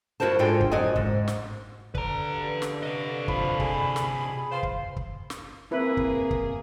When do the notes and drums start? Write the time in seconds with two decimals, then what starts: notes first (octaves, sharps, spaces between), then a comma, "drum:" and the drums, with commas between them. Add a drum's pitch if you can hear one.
0.20 G2 E4 F#4 A#4 C5 A5
0.39 G#2 D4 F4 A4 G5 G#5
0.60 drum: kick
0.71 F#2 C4 F#4 D5 D#5 G#5
0.96 G#2, drum: kick
1.28 drum: snare
1.95 D3 B4 A#5, drum: kick
2.32 G2
2.62 drum: snare
2.83 C3 D#5
3.28 F3 B5, drum: kick
3.60 G#4, drum: kick
3.96 drum: snare
4.51 F4 B4 C5 F5
4.63 drum: kick
4.96 drum: kick
5.30 drum: snare
5.71 A#3 C4 E4 G#4 B4
5.97 drum: kick
6.31 drum: kick